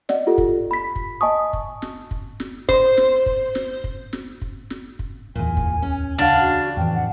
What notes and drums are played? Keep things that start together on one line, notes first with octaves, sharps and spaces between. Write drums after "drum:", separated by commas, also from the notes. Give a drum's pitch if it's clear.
D5 D#5 F#5, drum: snare
F4 G4 A4
drum: kick
B5 B6
drum: kick
D#5 G#5 A5 C#6 D#6
drum: kick
drum: snare
drum: kick
drum: snare
C5, drum: kick
drum: snare
drum: kick
drum: snare
drum: kick
drum: snare
drum: kick
drum: snare
drum: kick
D1 E2 A#2 G#5
drum: kick
C#4
C#3 D4 F5 F#5
F#4
F2 A2 E3 G5
F#5